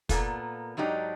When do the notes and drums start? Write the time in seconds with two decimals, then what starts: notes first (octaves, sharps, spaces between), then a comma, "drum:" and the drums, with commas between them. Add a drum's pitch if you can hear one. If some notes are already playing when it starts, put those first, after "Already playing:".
0.09 A#2 A#3 B3 F4 A4, drum: kick, hi-hat
0.77 G#2 F#3 D4 D#4 G4